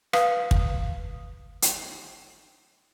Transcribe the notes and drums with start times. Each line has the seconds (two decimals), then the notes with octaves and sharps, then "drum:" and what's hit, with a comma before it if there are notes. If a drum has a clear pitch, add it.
0.13 B4 F5 D#6, drum: rim click
0.51 drum: kick
1.62 drum: hi-hat